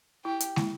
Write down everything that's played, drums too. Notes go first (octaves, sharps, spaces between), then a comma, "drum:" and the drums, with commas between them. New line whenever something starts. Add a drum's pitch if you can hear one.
E4 G4
drum: hi-hat
E4, drum: snare